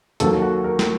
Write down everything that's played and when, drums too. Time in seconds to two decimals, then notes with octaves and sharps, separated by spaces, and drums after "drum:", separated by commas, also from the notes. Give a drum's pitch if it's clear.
0.20 D#2 D#3 F#3 A4, drum: hi-hat
0.42 F#4
0.64 A#4
0.79 drum: snare